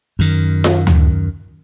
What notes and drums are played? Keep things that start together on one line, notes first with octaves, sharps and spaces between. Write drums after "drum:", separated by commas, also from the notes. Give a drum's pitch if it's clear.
F#2 D#3
drum: snare F4
drum: tom D2